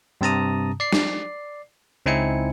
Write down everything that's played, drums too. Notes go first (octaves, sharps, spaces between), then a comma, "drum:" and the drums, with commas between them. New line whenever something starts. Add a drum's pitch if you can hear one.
G2 C3 A5 A#5 D#6
D5 C7
drum: snare
C#2 C4 D#4 E4 G#5 C#7